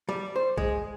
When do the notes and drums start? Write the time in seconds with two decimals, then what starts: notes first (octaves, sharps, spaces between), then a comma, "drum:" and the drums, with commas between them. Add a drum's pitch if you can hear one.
0.09 G3
0.36 C5
0.57 G#3, drum: kick A#1